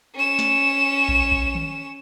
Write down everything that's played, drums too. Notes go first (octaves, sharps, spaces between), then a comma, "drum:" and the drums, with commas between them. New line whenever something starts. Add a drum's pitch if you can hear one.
C#4 E7
drum: snare
drum: kick A#1
drum: kick A#1
drum: tom D#3